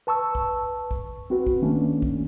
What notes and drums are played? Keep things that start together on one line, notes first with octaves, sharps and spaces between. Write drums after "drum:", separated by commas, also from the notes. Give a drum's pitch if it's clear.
B4 A5 C#6 E6
drum: kick
drum: kick
C4 F#4 B4
drum: kick
D#3 A3 A#3 C#4 D4
drum: kick